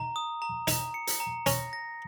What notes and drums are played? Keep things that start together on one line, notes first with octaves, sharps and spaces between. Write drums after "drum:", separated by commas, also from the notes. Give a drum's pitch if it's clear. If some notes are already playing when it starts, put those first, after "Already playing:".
Already playing: D#4 A#5
D#6
A#5
D#4 A#5, drum: hi-hat
C#7
drum: hi-hat
A#5
C#4 A#6, drum: hi-hat
A#6